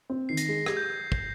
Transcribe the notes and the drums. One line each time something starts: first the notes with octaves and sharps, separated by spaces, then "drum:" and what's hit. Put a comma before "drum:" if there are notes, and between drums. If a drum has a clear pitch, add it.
C4
D#3 C7
A#6, drum: hi-hat
G#3 C7
G4 G#6, drum: rim click
G6
drum: kick